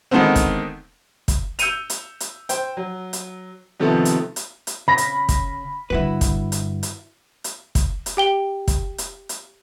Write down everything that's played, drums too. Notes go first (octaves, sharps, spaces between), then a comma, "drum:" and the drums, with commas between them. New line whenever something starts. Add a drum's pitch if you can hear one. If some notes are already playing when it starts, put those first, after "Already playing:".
D3 D#3 G#3 A3 B3 C4
drum: kick, hi-hat
drum: kick, hi-hat
E6 G6 C#7 D#7 F7, drum: hi-hat
drum: hi-hat
drum: hi-hat
C5 G5, drum: hi-hat
F#3
drum: hi-hat
C3 D#3 F3 A3 B3 A4
drum: hi-hat
drum: hi-hat
drum: hi-hat
C#3 B5 A#6
drum: hi-hat
drum: kick, hi-hat
G2 D3 E4 F#4 B4
drum: kick, hi-hat
drum: hi-hat
drum: hi-hat
drum: hi-hat
drum: kick, hi-hat
drum: hi-hat
G4 G5 G7
drum: kick, hi-hat
drum: hi-hat
drum: hi-hat